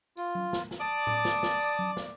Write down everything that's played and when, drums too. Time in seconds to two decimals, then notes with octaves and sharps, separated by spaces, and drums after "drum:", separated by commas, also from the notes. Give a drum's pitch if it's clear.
0.17 F4, drum: tambourine
0.35 drum: tom F#3
0.53 drum: snare
0.71 drum: snare
0.80 D5 A5 D#6
1.07 drum: tom A2
1.25 drum: snare
1.43 drum: snare
1.61 drum: tambourine
1.79 drum: tom F#3
1.97 drum: snare